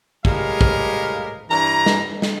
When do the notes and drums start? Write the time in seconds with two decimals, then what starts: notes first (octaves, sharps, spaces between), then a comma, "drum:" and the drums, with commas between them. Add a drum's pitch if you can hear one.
0.25 A2 G3 G#3 G4 A#4 F5, drum: kick
0.61 drum: kick
1.50 G2 E3 D4 A#5
1.86 drum: snare
2.22 drum: snare